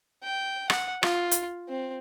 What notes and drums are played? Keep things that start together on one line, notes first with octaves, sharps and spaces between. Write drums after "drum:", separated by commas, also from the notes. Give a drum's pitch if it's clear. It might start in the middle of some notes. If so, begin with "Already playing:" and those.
G5
F#5, drum: rim click
F4, drum: rim click
drum: hi-hat
C4